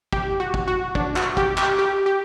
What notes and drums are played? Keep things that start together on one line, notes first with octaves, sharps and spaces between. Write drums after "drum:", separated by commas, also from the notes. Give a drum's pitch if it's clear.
G4, drum: kick
F#4
drum: kick
F#4
D4, drum: kick
F#4, drum: clap
G4, drum: kick
G4, drum: clap
G4
G4